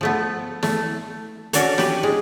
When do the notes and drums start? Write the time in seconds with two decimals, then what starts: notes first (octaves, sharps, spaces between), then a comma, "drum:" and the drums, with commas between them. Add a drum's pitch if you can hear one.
0.01 F3 A3 B3
0.63 A3, drum: snare
1.53 C#4 D4 F#4 A4 C#5, drum: hi-hat
1.78 G4 B4, drum: snare
2.03 G#3